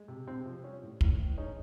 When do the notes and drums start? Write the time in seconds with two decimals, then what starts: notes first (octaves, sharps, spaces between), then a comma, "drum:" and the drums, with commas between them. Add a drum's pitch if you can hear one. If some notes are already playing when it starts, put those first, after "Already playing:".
Already playing: G#3
0.08 C3
0.27 C3 C4
0.46 F3
0.64 G3 C#4
0.82 A2
1.01 A2, drum: kick
1.19 E3
1.38 G#3 C#4 D#4